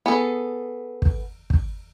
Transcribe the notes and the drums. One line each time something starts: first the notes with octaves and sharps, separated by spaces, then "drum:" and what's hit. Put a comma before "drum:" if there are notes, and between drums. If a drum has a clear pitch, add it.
B3 G#4 A4
drum: kick
drum: kick